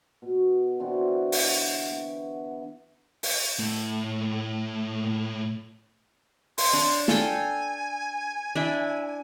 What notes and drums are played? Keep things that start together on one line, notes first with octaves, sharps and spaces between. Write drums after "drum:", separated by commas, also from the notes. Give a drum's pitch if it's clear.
B2
D3 E3 C4 F#4
drum: open hi-hat
B3
drum: open hi-hat
A2 A3
C6, drum: open hi-hat
D4
A4 F5 G5 G#5, drum: snare
D4 E4 E5